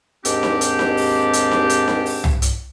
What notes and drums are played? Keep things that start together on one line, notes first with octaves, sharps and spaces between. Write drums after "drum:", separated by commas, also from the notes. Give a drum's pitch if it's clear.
D#2 G#2 C4 D4 G4, drum: hi-hat
drum: snare D#4
drum: hi-hat
drum: snare D#4
drum: open hi-hat
drum: hi-hat
drum: snare D#4
drum: hi-hat
drum: snare D#4
drum: open hi-hat
drum: tom C2
drum: hi-hat